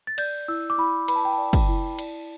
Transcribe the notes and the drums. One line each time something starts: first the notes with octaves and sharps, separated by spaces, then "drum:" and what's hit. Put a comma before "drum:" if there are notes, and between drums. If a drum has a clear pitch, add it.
A6
D5 G6, drum: cymbal
E4 E6
D6
E4 B5
B4 B5, drum: cymbal
A5
G5
D5 A5
drum: kick, cymbal
E4
D5, drum: cymbal